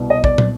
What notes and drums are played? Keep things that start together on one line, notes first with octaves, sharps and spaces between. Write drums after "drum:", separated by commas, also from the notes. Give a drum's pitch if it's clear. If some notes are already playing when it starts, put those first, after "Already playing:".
Already playing: C2 B2
D#5
D5, drum: kick
drum: tom